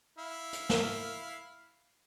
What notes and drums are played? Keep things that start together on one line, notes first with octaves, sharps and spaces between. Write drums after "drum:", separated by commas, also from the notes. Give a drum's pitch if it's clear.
E4 F5
drum: hi-hat
drum: snare